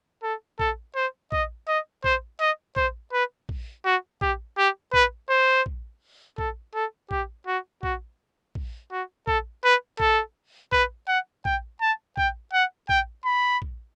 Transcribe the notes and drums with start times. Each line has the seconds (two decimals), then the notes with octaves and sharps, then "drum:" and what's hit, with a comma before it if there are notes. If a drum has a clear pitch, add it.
0.23 A4
0.59 A4, drum: kick
0.95 C5
1.32 D#5, drum: kick
1.68 D#5
2.04 C5, drum: kick
2.40 D#5
2.76 C5, drum: kick
3.13 B4
3.49 drum: kick
3.85 F#4
4.21 G4, drum: kick
4.58 G4
4.94 B4, drum: kick
5.30 C5
5.66 drum: kick
6.38 A4, drum: kick
6.75 A4
7.11 G4, drum: kick
7.47 F#4
7.83 F#4, drum: kick
8.55 drum: kick
8.92 F#4
9.27 A4, drum: kick
9.64 B4
10.00 A4, drum: kick
10.72 B4, drum: kick
11.08 F#5
11.45 G5, drum: kick
11.81 A5
12.17 G5, drum: kick
12.53 F#5
12.89 G5, drum: kick
13.25 B5
13.62 drum: kick